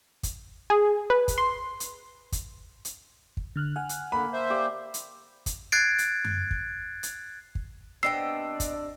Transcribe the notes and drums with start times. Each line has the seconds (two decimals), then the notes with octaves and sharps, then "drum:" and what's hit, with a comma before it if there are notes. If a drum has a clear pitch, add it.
0.23 drum: kick, hi-hat
0.70 G#4
1.10 B4
1.28 drum: kick, hi-hat
1.38 C6
1.80 drum: hi-hat
2.32 drum: kick, hi-hat
2.85 drum: hi-hat
3.37 drum: kick
3.56 D3 F6 F#6
3.76 F#5 G#5 F6 F#6
3.89 drum: hi-hat
4.12 D3 A#3 B5
4.33 C5 E5
4.50 G4 D5 F5
4.94 drum: hi-hat
5.46 drum: kick, hi-hat
5.72 F#6 G#6 A6 C7 D7
5.98 drum: hi-hat
6.25 drum: tom F#2
6.51 drum: kick
7.03 drum: hi-hat
7.55 drum: kick
8.03 C3 B3 D4 D#5 G5 E6 C7
8.60 drum: kick, hi-hat